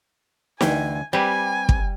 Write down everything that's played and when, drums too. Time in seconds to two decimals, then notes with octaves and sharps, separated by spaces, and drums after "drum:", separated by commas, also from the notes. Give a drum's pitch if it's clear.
0.61 D2 E3 G5 G#5, drum: snare
1.13 G3 C4 G4 B4 G#5
1.69 drum: kick